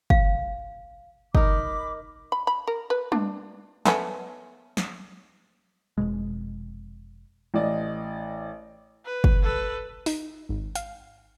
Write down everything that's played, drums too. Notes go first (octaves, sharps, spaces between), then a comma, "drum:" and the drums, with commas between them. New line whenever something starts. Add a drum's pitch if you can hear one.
F5, drum: kick
D#4 A#4 B5 D6, drum: kick
B5
B5
A#4
B4
D4, drum: tom G3
A3 B3 C#4, drum: snare
drum: snare
F1 C#2 B2 G#3
A1 D5 D#5
B4
drum: kick
A4 B4
D#4, drum: open hi-hat
G#1
F5, drum: hi-hat